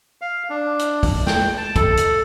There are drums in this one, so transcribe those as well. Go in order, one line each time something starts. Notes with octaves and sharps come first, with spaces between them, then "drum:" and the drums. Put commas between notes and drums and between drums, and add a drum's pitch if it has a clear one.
F5
D4
drum: hi-hat
drum: kick, open hi-hat
G5, drum: snare
A5
A4, drum: kick, hi-hat
drum: hi-hat